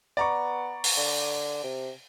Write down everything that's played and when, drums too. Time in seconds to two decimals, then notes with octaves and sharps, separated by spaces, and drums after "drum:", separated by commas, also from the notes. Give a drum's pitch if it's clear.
0.17 B3 D5 A#5 C#6
0.84 drum: open hi-hat
0.97 D3
1.63 C3